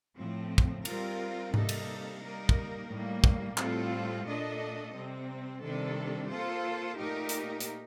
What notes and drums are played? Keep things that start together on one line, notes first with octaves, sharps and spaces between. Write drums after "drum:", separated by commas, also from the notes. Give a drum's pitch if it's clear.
A2 F3 C4
drum: kick
G3 C4 F4 A#4, drum: cymbal
C3 G3 A#3 D#4 A4, drum: tom G#2
drum: cymbal
G3 A#3 D#4 A#4
drum: kick
A2 G3 A#3
drum: kick
A2 G3 C4 F4 A4, drum: clap
A#2 A3 D4 A4 D#5
C3 G3 C4
C3 D#3 G3 D4 A4
A#3 F4 A4 C5
A#2 A3 D#4 G4 A#4
drum: hi-hat
drum: hi-hat